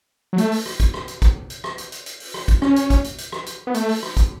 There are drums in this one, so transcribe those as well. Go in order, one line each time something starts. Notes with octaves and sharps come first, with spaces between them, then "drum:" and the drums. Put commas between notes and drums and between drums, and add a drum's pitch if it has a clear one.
F#3
A3, drum: hi-hat
drum: open hi-hat
drum: rim click
drum: kick, hi-hat
drum: rim click
drum: hi-hat
drum: kick, hi-hat
drum: hi-hat
drum: rim click
drum: hi-hat
drum: hi-hat
drum: hi-hat
drum: open hi-hat
drum: rim click
drum: kick, hi-hat
C#4, drum: rim click
drum: hi-hat
drum: kick, hi-hat
drum: hi-hat
drum: hi-hat
drum: rim click
drum: hi-hat
B3
A3, drum: hi-hat
drum: open hi-hat
drum: rim click
drum: kick, hi-hat